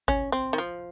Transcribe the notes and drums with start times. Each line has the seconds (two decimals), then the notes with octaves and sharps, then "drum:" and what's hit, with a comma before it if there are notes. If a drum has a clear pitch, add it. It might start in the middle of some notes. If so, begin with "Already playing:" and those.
0.08 C#4, drum: kick G#1
0.32 C4
0.53 D#3
0.58 F3